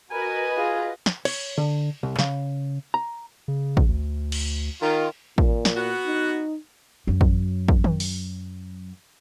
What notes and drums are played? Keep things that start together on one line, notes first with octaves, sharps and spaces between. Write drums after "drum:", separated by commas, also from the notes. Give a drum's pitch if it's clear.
F#4 A#4 B4 D#5 G#5
F4 G#4
drum: snare
C#5, drum: cymbal
D3
C2
C#3, drum: snare
A#5
C#3
drum: kick
D2
drum: cymbal
D#3 F4
A#2, drum: kick
drum: snare
B3 F#4
D#4
F#2 F#3
drum: kick
drum: kick
drum: tom D#3
drum: open hi-hat